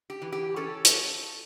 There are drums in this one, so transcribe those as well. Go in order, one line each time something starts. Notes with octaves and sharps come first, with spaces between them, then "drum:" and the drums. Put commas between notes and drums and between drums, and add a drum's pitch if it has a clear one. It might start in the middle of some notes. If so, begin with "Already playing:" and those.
G4
E3
G4
C#4 A4
drum: hi-hat